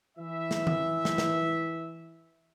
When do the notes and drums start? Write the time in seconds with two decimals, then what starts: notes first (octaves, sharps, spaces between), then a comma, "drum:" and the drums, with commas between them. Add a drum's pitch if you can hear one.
0.18 E3 E5
0.51 drum: snare
0.67 drum: tom D#3
1.05 drum: snare
1.18 drum: snare